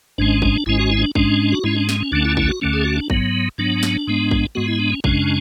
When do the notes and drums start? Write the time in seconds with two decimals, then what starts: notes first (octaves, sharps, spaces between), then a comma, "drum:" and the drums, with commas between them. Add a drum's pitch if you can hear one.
0.18 G#1 G#2 G#3 C#4 D4
0.42 D4, drum: kick A1
0.66 G#1 G#2 G#3 C#4 E4
0.79 F#4
0.91 E4
0.97 C#4
1.03 D4
1.15 G#2 G#3 C#4 D4, drum: kick A1
1.52 F#4
1.64 G#2 G#3 C#4 E4
1.77 D4
1.89 C#4, drum: snare
2.00 C#4
2.12 D2 D3 A3 C#4 D4
2.25 E4
2.37 E4, drum: kick A1
2.49 F#4
2.61 D2 D3 A3 C#4
2.73 G#4
2.85 F#4
2.97 D4
3.10 G#2 F#3 B3, drum: kick A1
3.58 G#2 F#3 B3 D4
3.83 drum: snare
4.07 G#2 G#3 B3
4.31 drum: kick A1
4.55 G#2 G#3 B3 F#4
4.68 E4
4.80 D4
4.92 C#4
5.04 F#2 C#3 G#3 C#4 D4, drum: kick A1